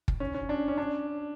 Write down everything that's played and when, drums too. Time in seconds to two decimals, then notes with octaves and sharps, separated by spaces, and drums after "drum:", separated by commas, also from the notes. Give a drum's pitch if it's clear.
0.08 drum: kick
0.20 C#4
0.34 C#4
0.49 D4
0.68 C#4
0.78 D4